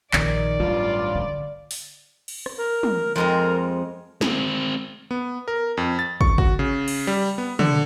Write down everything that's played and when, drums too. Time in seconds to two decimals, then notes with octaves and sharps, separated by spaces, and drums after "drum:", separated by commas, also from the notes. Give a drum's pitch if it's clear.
0.13 A#1 D#3 D5, drum: clap
0.60 A1 G2 F#3 F4
1.15 D3
1.71 drum: open hi-hat
2.28 drum: cymbal
2.46 drum: rim click
2.58 A#4
2.83 drum: tom
3.16 F2 G#3 A#4 C5
4.21 G#3 C4, drum: snare
5.11 B3
5.48 A#4
5.77 F2
5.99 A6
6.21 C#6, drum: kick
6.38 F#4, drum: kick
6.59 C#3
6.88 drum: cymbal
7.07 G3
7.38 B3
7.59 D3, drum: tom